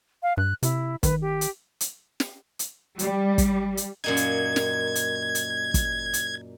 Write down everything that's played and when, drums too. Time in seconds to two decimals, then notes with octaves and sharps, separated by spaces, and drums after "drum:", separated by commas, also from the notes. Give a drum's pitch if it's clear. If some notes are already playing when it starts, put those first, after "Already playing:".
0.23 F5
0.37 G2 F#6
0.63 C3 E4, drum: hi-hat
1.03 D#3 B4, drum: kick, hi-hat
1.21 G4
1.41 drum: hi-hat
1.80 drum: hi-hat
2.20 drum: snare
2.59 drum: hi-hat
2.99 G3, drum: hi-hat
3.38 drum: kick, hi-hat
3.77 drum: hi-hat
4.04 F#2 A#2 D#4 G#6
4.17 drum: hi-hat
4.56 drum: snare
4.95 drum: hi-hat
5.35 drum: hi-hat
5.74 drum: kick, hi-hat
6.13 drum: hi-hat